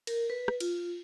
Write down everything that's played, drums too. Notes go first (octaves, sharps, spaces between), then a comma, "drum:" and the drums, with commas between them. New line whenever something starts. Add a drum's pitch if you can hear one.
A#4, drum: cymbal
B4
drum: rim click
F4, drum: cymbal